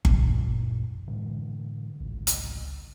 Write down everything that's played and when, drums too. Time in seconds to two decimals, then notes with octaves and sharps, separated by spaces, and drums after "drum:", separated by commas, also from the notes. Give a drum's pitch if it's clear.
0.05 F#2 A#2 E3, drum: kick G1
1.07 A2 D3 E3 G#3
2.00 G#1 C#2
2.27 drum: hi-hat